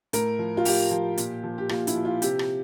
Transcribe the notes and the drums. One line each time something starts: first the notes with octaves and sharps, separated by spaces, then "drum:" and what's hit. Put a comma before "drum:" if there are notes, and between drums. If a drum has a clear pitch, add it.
A2 A#4, drum: hi-hat
F3
F4
A2 G4, drum: open hi-hat
F3
A#2, drum: hi-hat
F3
G4
A#2 F4, drum: rim click
E4, drum: hi-hat
F3
F4
C3 G4, drum: hi-hat
drum: rim click